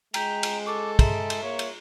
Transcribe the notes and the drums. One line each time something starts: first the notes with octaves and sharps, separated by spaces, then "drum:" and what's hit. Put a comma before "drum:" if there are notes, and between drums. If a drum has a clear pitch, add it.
G#3 G5 A#5 G6 B6, drum: cymbal
drum: cymbal
A4 C#6 D6
G#4 E5 A#5 C6, drum: kick, cymbal
drum: cymbal
A#3 C#5
drum: cymbal